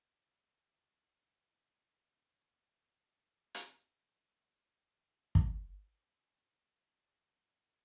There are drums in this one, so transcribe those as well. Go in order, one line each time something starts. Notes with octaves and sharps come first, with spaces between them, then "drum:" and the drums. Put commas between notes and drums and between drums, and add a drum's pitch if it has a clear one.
F#2 A2 D3 A3 A#3 F4
F#4 G4 B4 C5 D5 E5
G3 E4 F#4
drum: hi-hat
F3 G3 B4
drum: kick
D#6
E4
E4
E4
B4